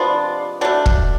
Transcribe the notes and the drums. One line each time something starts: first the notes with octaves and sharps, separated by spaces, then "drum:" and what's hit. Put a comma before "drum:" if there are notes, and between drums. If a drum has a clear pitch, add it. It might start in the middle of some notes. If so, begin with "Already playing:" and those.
Already playing: C3 F3 G#3 B3 D4 F4
B2 A3 D4
drum: kick